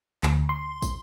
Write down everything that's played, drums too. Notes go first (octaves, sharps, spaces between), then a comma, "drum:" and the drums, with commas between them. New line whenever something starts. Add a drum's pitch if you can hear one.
D2, drum: clap
C6
drum: kick, tambourine